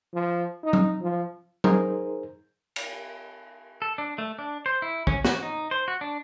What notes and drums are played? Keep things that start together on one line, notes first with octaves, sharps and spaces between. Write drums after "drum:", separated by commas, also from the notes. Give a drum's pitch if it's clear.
F3
D#4
drum: tom F#3
F3
D#4 G#4 A#4 C5, drum: tom F#3
drum: cymbal
A4
D4
A3
D4
C5
E4
C#4, drum: kick
F#4, drum: snare
D#4
C5
F#4
D4